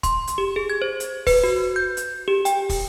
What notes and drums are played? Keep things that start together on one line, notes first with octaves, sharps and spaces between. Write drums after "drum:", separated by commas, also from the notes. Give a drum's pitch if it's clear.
C6, drum: kick, hi-hat
drum: hi-hat
G4
G#4
G#6
C5
drum: hi-hat
B4, drum: kick, open hi-hat
F#4
G6
drum: hi-hat
G4
G5, drum: hi-hat
drum: kick, open hi-hat